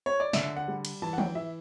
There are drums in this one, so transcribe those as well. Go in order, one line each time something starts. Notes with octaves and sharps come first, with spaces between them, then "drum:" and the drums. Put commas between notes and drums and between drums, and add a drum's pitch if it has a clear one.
C#5
D5
D3 E5, drum: snare
F#5
G3
drum: cymbal
E3 A5
F#5
G5, drum: tom F3
E3 E5